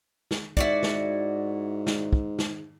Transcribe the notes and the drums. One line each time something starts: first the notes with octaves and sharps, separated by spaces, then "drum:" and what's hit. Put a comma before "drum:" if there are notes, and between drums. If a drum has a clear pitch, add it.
drum: snare
G#2 E4 F#4 D5, drum: kick
drum: snare
drum: snare
drum: kick
drum: snare